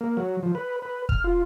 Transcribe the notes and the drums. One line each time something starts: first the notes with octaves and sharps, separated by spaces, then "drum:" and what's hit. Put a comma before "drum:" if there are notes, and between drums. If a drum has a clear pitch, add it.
A#3
F#3
F3
B4
B4
F6, drum: kick
F4